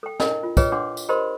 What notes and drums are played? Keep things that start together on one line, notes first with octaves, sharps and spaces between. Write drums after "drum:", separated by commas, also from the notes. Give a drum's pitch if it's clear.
A4 G5
D4 E4 A#4 D#5, drum: snare
F4
F4 G#4 B4 C#5 D#5 G5, drum: kick, tambourine
D4 F#5 C6 D6
drum: tambourine
G4 A#4 C5 D#5 B5 C6